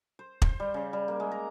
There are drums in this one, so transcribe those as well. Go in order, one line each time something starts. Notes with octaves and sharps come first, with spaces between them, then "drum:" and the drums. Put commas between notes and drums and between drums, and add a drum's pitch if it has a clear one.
C5
C5, drum: kick
G3
C#3
G3
A#3
G#3
A#5